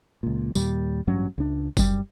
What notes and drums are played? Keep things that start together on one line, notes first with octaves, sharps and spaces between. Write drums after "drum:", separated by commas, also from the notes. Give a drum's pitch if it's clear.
C#2 A#2
D#2 A#2 G3, drum: tambourine
A1 G2 F#3 C#4
C#2 D4
F#2 G3, drum: kick, tambourine